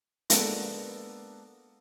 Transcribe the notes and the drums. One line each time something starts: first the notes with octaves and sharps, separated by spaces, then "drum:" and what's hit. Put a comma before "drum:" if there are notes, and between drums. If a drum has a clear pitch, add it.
G#3 A#3 B3 D4 A4, drum: hi-hat